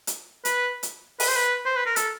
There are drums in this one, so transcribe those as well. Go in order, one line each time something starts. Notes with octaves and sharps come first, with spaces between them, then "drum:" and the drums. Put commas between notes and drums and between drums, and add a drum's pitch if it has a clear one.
drum: hi-hat
B4, drum: hi-hat
drum: hi-hat
B4, drum: open hi-hat
C5
B4
C5
B4
A#4
A4, drum: hi-hat